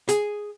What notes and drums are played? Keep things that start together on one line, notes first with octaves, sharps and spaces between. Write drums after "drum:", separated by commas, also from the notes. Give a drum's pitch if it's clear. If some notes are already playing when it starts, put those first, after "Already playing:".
G#4, drum: hi-hat